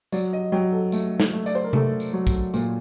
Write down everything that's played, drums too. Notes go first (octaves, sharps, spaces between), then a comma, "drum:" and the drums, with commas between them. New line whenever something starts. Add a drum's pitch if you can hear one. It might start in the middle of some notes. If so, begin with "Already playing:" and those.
F#3 D5, drum: tambourine
D#5
F#3 G5
A4
A3, drum: tambourine
drum: snare
A3
D5, drum: tambourine
C5
A#4
A3 A4, drum: tom C3
drum: tambourine
F#3
drum: kick, tambourine
A#2, drum: tambourine